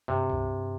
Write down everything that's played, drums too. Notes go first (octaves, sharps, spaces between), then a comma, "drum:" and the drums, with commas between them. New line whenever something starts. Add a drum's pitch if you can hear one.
G2 C3
drum: kick C2